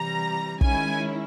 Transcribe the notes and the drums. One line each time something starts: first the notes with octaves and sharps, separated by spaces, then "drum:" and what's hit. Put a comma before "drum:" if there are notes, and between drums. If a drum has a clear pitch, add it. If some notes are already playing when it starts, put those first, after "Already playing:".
Already playing: C3 E3 G3 A#5
D#3 G#3 C#4 E4 G#5, drum: kick